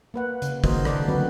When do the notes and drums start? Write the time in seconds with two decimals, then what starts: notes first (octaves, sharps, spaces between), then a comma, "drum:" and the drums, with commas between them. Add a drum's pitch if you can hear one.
0.14 A#3 B4 F#5
0.42 C#3, drum: hi-hat
0.64 D#3 A#3 F#4 A#4 C5 D#5, drum: kick, open hi-hat
0.85 A4 D5 F#5, drum: rim click
1.08 D3 F#3 A3 C4 F#4 B4